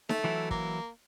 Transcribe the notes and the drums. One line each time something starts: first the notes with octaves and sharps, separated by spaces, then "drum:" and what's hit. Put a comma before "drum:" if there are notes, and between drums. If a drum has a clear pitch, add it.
A3, drum: snare D#4
E3 F#3 E4
A#3, drum: kick